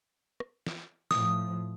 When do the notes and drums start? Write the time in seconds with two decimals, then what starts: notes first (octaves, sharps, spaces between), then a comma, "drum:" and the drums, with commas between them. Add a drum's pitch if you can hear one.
0.40 drum: rim click
0.67 drum: snare
1.11 A2 F3 D#6, drum: snare